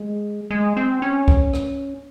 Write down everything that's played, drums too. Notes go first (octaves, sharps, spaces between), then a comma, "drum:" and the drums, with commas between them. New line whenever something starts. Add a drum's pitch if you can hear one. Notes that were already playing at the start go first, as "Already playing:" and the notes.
Already playing: G#3
G#3
C4
C#4
drum: kick
drum: rim click